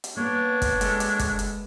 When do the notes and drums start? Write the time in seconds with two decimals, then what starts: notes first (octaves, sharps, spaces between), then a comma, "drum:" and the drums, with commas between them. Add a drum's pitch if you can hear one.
0.04 drum: hi-hat
0.17 A#3 B3 D4 C#5
0.62 drum: kick, hi-hat
0.81 G#3 A4, drum: hi-hat
1.00 drum: hi-hat
1.19 drum: kick, hi-hat
1.39 drum: hi-hat